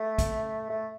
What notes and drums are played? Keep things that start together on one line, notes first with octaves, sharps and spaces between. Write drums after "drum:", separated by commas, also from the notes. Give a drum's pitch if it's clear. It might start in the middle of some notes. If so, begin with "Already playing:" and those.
Already playing: A3
drum: kick A#1, hi-hat
A3